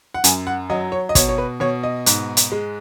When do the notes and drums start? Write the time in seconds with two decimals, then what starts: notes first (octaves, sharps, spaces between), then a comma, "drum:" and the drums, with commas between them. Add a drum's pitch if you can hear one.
0.14 F#5
0.24 F#2 G#5, drum: hi-hat
0.47 F#5
0.70 F#3 D#5
0.92 C#5
1.09 D#5
1.15 B2 C#5, drum: kick, hi-hat
1.29 C#5
1.38 B4
1.60 B2 C#5
1.83 D#5
2.06 G#2, drum: hi-hat
2.37 drum: hi-hat
2.52 G#3